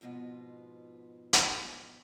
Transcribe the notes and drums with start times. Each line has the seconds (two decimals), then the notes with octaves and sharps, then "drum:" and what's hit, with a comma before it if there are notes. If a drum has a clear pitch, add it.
0.01 F2 G#2 B2 F4 B4
1.33 drum: hi-hat